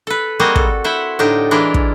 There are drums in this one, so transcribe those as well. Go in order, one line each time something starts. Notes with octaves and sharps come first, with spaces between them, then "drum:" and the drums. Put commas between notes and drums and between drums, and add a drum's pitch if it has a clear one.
A4 B4
G3 G#3 A#3 C4 F#4 G#4
A4, drum: kick
E4 C5 E5 F#5
A2 D3 D4 D#4 G4
E3 G#3 D4 E4 F4 A#4
drum: kick